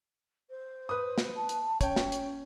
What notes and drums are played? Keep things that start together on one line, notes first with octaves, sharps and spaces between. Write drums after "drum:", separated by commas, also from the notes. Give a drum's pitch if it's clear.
C5
B4 D#6
drum: snare
A5
drum: hi-hat
C#4 C#5 G5, drum: kick, hi-hat
drum: snare
drum: hi-hat